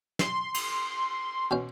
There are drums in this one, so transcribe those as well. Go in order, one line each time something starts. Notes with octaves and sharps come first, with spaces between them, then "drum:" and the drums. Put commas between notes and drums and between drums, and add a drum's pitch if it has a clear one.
C6, drum: snare
drum: cymbal
B2 C#4 C5